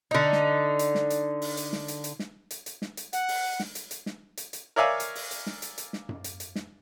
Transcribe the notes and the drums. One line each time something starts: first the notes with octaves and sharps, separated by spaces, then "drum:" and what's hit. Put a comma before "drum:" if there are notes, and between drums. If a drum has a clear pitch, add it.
D3 D#4
drum: snare
drum: hi-hat
drum: snare
drum: hi-hat
drum: open hi-hat
drum: hi-hat
drum: snare
drum: hi-hat
drum: hi-hat
drum: snare
drum: hi-hat
drum: hi-hat
drum: snare
drum: hi-hat
F#5, drum: hi-hat
drum: open hi-hat
drum: snare
drum: hi-hat
drum: hi-hat
drum: snare
drum: hi-hat
drum: hi-hat
A#4 C#5 D5 E5 F5 G#5
drum: hi-hat
drum: open hi-hat
drum: hi-hat
drum: snare
drum: hi-hat
drum: hi-hat
drum: snare
drum: tom F#2
drum: hi-hat
drum: hi-hat
drum: snare